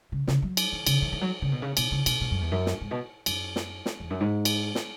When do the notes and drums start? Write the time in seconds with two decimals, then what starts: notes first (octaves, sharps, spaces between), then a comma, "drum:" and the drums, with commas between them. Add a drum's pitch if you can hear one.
0.12 C#3
0.27 C#3, drum: snare
0.42 F#3
0.57 drum: cymbal
0.72 E3
0.86 C#3, drum: cymbal
1.02 E3
1.12 E3
1.21 F#3
1.42 C#3
1.52 B2
1.62 C#3
1.77 B2, drum: cymbal
1.92 C#3
2.06 B2, drum: cymbal
2.21 B2
2.31 F#2
2.41 E2
2.51 F#2
2.66 drum: snare
2.81 G#2
2.91 B2
3.26 F#2, drum: cymbal
3.56 drum: snare
3.86 drum: snare
4.00 E2
4.10 F#2
4.20 G#2
4.45 drum: cymbal
4.75 drum: snare